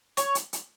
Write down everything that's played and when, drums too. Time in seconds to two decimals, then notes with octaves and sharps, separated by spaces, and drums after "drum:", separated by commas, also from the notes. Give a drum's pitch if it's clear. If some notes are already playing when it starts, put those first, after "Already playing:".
0.17 C#5, drum: hi-hat
0.35 drum: hi-hat
0.53 drum: hi-hat